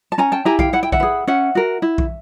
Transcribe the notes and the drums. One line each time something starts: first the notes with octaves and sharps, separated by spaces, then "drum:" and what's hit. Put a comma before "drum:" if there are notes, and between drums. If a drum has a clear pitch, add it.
A5
C#4 G#5 A#5
G5 A5
E4 G4 G#5 A#5
F5 G5, drum: kick A#1
E4 F#5
G5
E5 F#5, drum: kick A#1
G#4 B4
C#4 E5 F#5
F#4 A#4
E4
drum: kick A#1